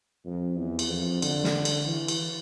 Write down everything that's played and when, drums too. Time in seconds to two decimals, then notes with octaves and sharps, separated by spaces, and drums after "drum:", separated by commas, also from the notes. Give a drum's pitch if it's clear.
0.25 F2
0.57 E2
0.79 drum: cymbal
0.89 F2
1.22 D3, drum: cymbal
1.44 drum: snare
1.65 drum: cymbal
1.87 E3
2.08 drum: cymbal